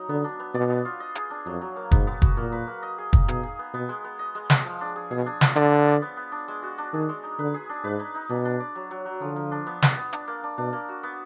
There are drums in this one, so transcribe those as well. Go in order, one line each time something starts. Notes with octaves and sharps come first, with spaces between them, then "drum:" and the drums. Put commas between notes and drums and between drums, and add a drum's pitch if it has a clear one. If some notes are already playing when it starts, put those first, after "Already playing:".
Already playing: F#3 D#4
D3 B3
D4
B3
B2 D5
B3
F4
D#5
G#4, drum: hi-hat
D4
F2 F#3
F#3
A#3
G#2 B3, drum: kick
B3
F#4, drum: kick
A#2 A#3
B4
A#3
D#5
G#4
D#4, drum: kick
B2 G#4, drum: hi-hat
G#4
B3
B2 B3
G#3
B3
D#5
G#3
G#3, drum: snare
F3
D4
G#4
B2 G#4
D4
F4, drum: snare
D3 D5, drum: hi-hat
B4
D5
B3
B3
D4
G#3
F#4
D4
D#3 G#4
G#3
D#4
D3 B4
G#4
D4
G#2 B4
D#4
D#4
B2 D4
D4
D5
F#3
F#3
F#3
D3 F3
F3
D4
B3
B3, drum: snare
B3
D4, drum: hi-hat
A#3
D4
B2 D4
A#3
F#4
B3